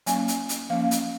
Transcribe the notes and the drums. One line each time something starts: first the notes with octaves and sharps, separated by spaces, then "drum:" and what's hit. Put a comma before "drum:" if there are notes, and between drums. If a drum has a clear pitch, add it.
F#3 A#3 C#4 G#5, drum: hi-hat
drum: hi-hat
drum: hi-hat
F3 A#3 C#4 F5
drum: hi-hat